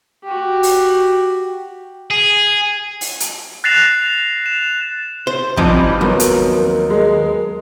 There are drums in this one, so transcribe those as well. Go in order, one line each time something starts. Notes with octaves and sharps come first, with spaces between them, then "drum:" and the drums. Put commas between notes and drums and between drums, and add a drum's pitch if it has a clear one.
F#4 G4
drum: open hi-hat
G#4
drum: open hi-hat
drum: hi-hat
F#6 A6 A#6 C7 E7 F7
E7
C5
E3 F3 G3 C4 D#4 B5, drum: kick
D#2 F#3 B3 A#4
drum: hi-hat
G#3